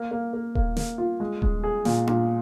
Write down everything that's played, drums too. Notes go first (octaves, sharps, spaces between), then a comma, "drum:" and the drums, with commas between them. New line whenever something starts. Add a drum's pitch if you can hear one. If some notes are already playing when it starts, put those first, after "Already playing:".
Already playing: A#3
A#3
A#3
A#3, drum: kick D#1
A#3, drum: snare
F4
G#3
G#3, drum: kick D#1
G#4
A#2, drum: snare
A#2, drum: tom D4